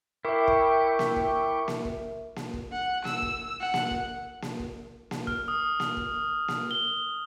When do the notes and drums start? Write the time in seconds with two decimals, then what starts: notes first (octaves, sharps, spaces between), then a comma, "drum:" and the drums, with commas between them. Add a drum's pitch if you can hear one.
0.25 E4 A#4 E5 G5 C#6 D6
0.48 drum: kick
0.99 drum: snare A#3
1.16 drum: kick
1.68 drum: snare A#3
1.85 drum: kick
2.36 drum: snare A#3
2.54 drum: kick
2.72 F#5
3.05 E6, drum: snare A#3
3.22 drum: kick
3.60 F#5
3.74 drum: snare A#3
3.91 drum: kick
4.42 drum: snare A#3
4.60 drum: kick
5.11 drum: snare A#3
5.27 F6, drum: kick
5.48 D#6
5.80 drum: snare A#3
5.97 drum: kick
6.48 drum: snare A#3
6.71 G7